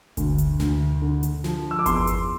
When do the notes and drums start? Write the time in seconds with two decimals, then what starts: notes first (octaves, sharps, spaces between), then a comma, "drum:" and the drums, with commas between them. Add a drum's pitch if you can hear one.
0.17 D2, drum: kick G1, hi-hat
0.38 drum: hi-hat
0.60 D2, drum: snare
1.02 D3
1.23 drum: hi-hat
1.44 F3, drum: snare
1.71 E6
1.79 D6
1.86 E2 C6, drum: kick G1, hi-hat
2.07 drum: hi-hat